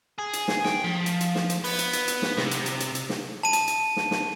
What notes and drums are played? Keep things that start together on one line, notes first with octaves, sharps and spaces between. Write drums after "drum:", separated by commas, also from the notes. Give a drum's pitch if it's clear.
G#4
drum: hi-hat
drum: snare
G5, drum: snare
F3
drum: hi-hat
drum: hi-hat
drum: snare
drum: hi-hat
B3, drum: open hi-hat
drum: hi-hat
drum: hi-hat
drum: hi-hat
drum: snare
C3, drum: snare
drum: hi-hat
drum: hi-hat
drum: hi-hat
drum: hi-hat
drum: snare
A5 D#7
drum: hi-hat
drum: hi-hat
drum: snare
drum: snare